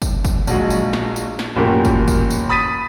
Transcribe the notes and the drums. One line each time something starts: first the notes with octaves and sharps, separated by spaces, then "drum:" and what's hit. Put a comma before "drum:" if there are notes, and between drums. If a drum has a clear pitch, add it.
drum: kick, tambourine
drum: kick, tambourine
A#1 F#3 G#3, drum: tambourine
drum: tambourine
drum: snare
drum: tambourine
drum: snare
A1 F#2 A#2 F#3 G4 A#4
drum: kick, tambourine
drum: kick, tambourine
drum: tambourine
B5 D#6 A6 B6 D#7